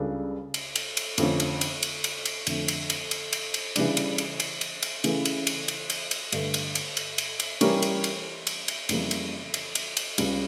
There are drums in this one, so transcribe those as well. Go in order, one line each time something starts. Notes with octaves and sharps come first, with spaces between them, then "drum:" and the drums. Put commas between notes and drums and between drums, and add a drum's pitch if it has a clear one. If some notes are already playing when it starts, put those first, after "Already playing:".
Already playing: C#2 C#3 G3 D4 A4
drum: cymbal
drum: cymbal
drum: cymbal
F2 D3 F3 A3 C#4, drum: cymbal
drum: cymbal
drum: cymbal
drum: cymbal
drum: cymbal
drum: cymbal
F2 D3 A3, drum: cymbal
drum: cymbal
drum: cymbal
drum: cymbal
drum: cymbal
drum: cymbal
C#3 E3 G3 D4, drum: cymbal
drum: cymbal
drum: cymbal
drum: cymbal
drum: cymbal
drum: cymbal
C#3 E3 A3 E4, drum: cymbal
drum: cymbal
drum: cymbal
drum: cymbal
drum: cymbal
drum: cymbal
G2 D3 A3, drum: cymbal
drum: cymbal
drum: cymbal
drum: cymbal
drum: cymbal
drum: cymbal
E3 G3 C#4 G4 A#4, drum: cymbal
drum: cymbal
drum: cymbal
drum: cymbal
drum: cymbal
F2 C#3 E3 G3 A#3, drum: cymbal
drum: cymbal
drum: cymbal
drum: cymbal
drum: cymbal
C#2 C#3 G3, drum: cymbal